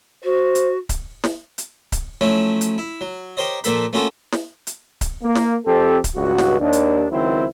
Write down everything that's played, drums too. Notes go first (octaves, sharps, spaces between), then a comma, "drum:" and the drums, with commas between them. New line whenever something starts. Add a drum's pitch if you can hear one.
F#4 C5
drum: hi-hat
drum: kick C#1, hi-hat
drum: snare
drum: hi-hat
drum: kick C#1, hi-hat
F3 F#3 A3 C#4 E4
drum: hi-hat
E4
F#3
G4 A#4 C5 C#5 D#5
A#2 F3 A#3 A4 B5, drum: hi-hat
A3 A#3 C#4 F4 F#4 A4
drum: snare
drum: hi-hat
drum: kick C#1, hi-hat
A#3
drum: snare
F2 C4 G4 A4
drum: kick C#1, hi-hat
C#2 G2 F#4
drum: snare
D#2 D4
drum: hi-hat
C#2 D#3 F#3 C4 E4 C5